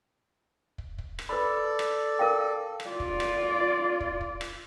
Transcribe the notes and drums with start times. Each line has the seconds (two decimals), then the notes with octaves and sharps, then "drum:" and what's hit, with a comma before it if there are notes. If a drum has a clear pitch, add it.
0.78 drum: kick
0.98 drum: kick
1.19 drum: rim click
1.29 A4 B4 D5 B5
1.79 drum: rim click
2.19 A#4 F5 G5
2.80 drum: rim click
2.90 F4 D5
3.00 drum: kick
3.20 drum: rim click
4.00 drum: kick
4.21 drum: kick
4.41 drum: rim click